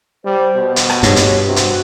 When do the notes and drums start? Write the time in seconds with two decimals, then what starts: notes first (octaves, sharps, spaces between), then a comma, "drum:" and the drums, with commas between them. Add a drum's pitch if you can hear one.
0.25 G3 C5
0.56 B2
0.76 drum: hi-hat
0.90 drum: rim click
1.03 G2 C#5, drum: hi-hat
1.16 drum: hi-hat
1.47 C3 F#4
1.56 drum: hi-hat